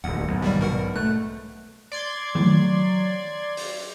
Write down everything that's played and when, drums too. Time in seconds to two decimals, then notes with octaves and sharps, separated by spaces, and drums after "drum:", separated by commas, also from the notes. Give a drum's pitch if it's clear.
0.04 D#1 D2 F#5
0.28 B1 G#2
0.42 C3 D#3 G3
0.61 B2 A#4 F#5
0.96 A3 F#6
1.92 D5 C6 G#6
2.35 F#3, drum: tom D#3
3.57 drum: open hi-hat